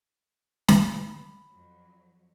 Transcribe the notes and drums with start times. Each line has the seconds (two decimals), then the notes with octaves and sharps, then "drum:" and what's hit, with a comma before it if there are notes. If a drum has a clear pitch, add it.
0.68 B5, drum: snare
1.49 F2 F#3